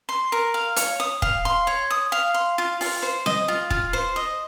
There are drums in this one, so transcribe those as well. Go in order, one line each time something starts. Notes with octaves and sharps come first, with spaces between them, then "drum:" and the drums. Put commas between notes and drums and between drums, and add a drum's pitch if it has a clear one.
C6
A#4
F5
C#5, drum: hi-hat
D#6
F5, drum: kick
C6
C#5
D#6
F5
C6
F4
F4, drum: open hi-hat
C5
D#5, drum: snare C4
F4
F4, drum: kick
C5
D#5